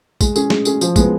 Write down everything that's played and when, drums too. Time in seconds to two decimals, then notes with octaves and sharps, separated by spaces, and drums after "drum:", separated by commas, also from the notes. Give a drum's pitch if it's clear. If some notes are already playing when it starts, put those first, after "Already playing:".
0.21 G#3, drum: kick, tambourine
0.36 C#4 G#4, drum: tambourine
0.50 G#3, drum: snare
0.65 C#4 G#4, drum: tambourine
0.81 F3, drum: tambourine
0.96 G#3 B3, drum: kick, tambourine